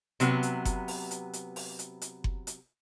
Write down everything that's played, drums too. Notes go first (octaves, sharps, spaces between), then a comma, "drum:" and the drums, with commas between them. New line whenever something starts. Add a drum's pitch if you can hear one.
C3 F#3 B3 B4, drum: hi-hat
drum: hi-hat
drum: kick F#1, hi-hat
drum: open hi-hat
drum: hi-hat
drum: hi-hat
drum: open hi-hat
drum: hi-hat
drum: hi-hat
drum: kick F#1
drum: hi-hat